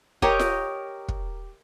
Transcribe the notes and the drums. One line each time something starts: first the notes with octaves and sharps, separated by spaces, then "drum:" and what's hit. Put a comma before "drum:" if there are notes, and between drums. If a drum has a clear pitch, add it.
G4 A#4 C#5 D#5, drum: kick
drum: snare F4
drum: kick